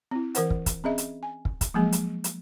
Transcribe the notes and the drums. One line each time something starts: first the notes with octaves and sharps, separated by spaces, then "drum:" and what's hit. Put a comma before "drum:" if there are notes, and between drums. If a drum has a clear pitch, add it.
C4 E4
E3 A#4 C5 F#5, drum: hi-hat
drum: kick
drum: kick, hi-hat
C4 C#4 G#4 D#5 E5
drum: hi-hat
G#5
drum: kick
drum: kick, hi-hat
F3 F#3 G#3 A#3 G#4
drum: hi-hat
drum: hi-hat